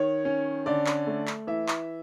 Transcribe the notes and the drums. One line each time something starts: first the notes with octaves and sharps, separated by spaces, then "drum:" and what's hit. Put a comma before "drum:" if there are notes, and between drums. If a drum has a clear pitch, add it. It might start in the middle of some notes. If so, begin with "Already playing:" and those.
Already playing: D#3 C#5
C#4
D3 D5
drum: clap
A3
drum: clap
E3 E5
drum: clap